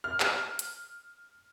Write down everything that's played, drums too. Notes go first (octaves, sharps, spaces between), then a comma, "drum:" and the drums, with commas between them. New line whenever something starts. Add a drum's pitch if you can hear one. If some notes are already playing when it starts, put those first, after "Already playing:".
F6
drum: clap
drum: hi-hat